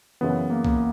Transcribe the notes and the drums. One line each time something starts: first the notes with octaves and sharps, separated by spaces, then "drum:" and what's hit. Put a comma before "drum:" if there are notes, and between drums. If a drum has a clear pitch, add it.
F#2 C#3 E3 B3
A#3
A#3, drum: kick B1